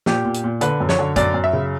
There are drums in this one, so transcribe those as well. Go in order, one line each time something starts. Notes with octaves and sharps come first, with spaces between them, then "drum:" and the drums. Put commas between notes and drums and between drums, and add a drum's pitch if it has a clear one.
A#2 G4, drum: snare
A#2
drum: hi-hat
A#2
D3 B4, drum: hi-hat
F#2
C#5, drum: snare
D3
F#2 D5, drum: kick, hi-hat
F#2
E5
C#3